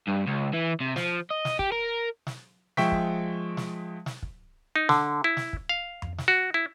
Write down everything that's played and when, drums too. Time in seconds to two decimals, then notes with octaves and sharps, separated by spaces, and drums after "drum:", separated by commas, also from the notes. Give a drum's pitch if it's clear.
0.08 G2
0.27 C#2
0.54 E3
0.80 C3
0.96 F3, drum: snare
1.30 D#5
1.45 drum: snare
1.59 G4, drum: kick
1.72 A#4
2.27 drum: snare
2.77 F3 G#3 E5 G5 C#6 B6, drum: snare
2.92 drum: kick
3.57 drum: snare
4.06 drum: snare
4.22 drum: kick
4.76 D#4
4.89 D3, drum: snare
5.24 E4
5.37 drum: snare
5.53 drum: kick
5.69 F5
6.02 drum: tom F2
6.18 drum: snare
6.28 F#4
6.54 E4